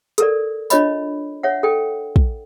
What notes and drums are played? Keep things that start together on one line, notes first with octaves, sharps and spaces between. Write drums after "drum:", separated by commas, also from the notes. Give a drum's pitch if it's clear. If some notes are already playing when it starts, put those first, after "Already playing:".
A4 A#4 D5, drum: hi-hat
D4 F4 C#5 D#5 B5, drum: tambourine
C#5 E5 F#5
A4 G5
drum: kick